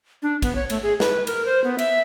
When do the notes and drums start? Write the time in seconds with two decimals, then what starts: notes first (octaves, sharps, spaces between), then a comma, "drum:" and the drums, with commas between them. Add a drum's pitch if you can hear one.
0.23 D4
0.42 B3, drum: kick A1, cymbal
0.55 C#5
0.70 A3, drum: cymbal
0.83 G#4
1.00 B4, drum: snare
1.27 A#4, drum: cymbal
1.45 C5
1.64 B3
1.78 E5, drum: cymbal